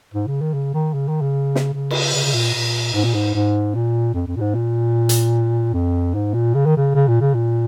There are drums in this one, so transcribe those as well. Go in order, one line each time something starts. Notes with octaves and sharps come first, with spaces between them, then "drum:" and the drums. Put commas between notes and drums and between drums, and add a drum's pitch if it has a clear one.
G#2
C#3
D#3
C#3
D#3
C#3
D#3
C#3
drum: snare
C#3
drum: cymbal
C#3
C#3
A#2
A#2
G#2
A#2
G#2
G#2
A#2
F2
F2
A#2
G#2
A#2
drum: hi-hat
F2
G#2
A#2
C#3
D#3
C#3
C#3
A#2
C#3
A#2